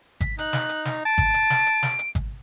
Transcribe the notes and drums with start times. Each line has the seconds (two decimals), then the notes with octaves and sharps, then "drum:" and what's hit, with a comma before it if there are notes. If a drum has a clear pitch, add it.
0.21 B6, drum: kick G#1, hi-hat
0.39 D#4 F#6, drum: hi-hat
0.53 drum: snare
0.69 drum: hi-hat
0.85 drum: snare
1.05 A5 D7
1.18 drum: kick G#1, hi-hat
1.34 drum: hi-hat
1.50 drum: snare
1.66 drum: hi-hat
1.83 drum: snare
1.99 drum: hi-hat
2.15 drum: kick G#1, hi-hat